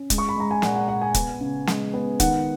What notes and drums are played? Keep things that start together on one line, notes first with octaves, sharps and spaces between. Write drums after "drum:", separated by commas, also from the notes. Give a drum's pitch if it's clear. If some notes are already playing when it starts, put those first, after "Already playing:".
Already playing: C#4
G#3, drum: kick, hi-hat
C#6
B5
G#3 A#5
G#5
A#2 F#5, drum: snare
F#5
A#2 F#5
G#5
B3, drum: kick, hi-hat
C#3
G#3, drum: snare
B3
D#3 F#5, drum: kick, hi-hat